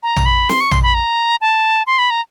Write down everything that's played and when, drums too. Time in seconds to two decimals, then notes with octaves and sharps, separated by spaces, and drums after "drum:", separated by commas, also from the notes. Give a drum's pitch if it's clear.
0.03 A#5
0.16 drum: tom A#1
0.25 B5
0.49 C6, drum: snare
0.61 C#6
0.71 C6, drum: tom A#1
0.83 B5
0.94 A#5
1.41 A5
1.87 C6
1.99 B5
2.10 A#5